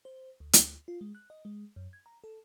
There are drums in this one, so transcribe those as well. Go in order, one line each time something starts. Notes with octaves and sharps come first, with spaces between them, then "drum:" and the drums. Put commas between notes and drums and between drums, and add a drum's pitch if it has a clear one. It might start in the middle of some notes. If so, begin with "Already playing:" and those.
C5
D2
drum: hi-hat
F4
G#3
F#6
D#5
G#3
F#2
G#6
A#5
A4